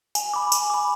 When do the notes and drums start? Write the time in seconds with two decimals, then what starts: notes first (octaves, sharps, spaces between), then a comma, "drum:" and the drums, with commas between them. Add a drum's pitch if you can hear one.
0.15 G#5, drum: tambourine
0.34 B5 D6
0.52 G#5, drum: tambourine
0.70 B5 D6